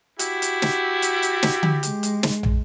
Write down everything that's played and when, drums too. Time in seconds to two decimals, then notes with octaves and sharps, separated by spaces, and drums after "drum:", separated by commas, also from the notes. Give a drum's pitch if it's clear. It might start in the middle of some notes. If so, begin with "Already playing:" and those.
0.19 E4 F#4 G4, drum: hi-hat
0.42 drum: hi-hat
0.62 drum: snare
1.02 drum: hi-hat
1.22 drum: hi-hat
1.43 drum: snare
1.63 drum: tom D3
1.83 G#3, drum: hi-hat
2.03 drum: hi-hat
2.23 drum: snare
2.43 drum: tom